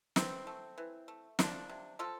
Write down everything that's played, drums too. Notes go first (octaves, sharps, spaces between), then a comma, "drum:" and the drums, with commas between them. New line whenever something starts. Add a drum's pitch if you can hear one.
E3 C4, drum: snare
A3
E3
A3
F3 D4, drum: snare
C3
F3 F4 A4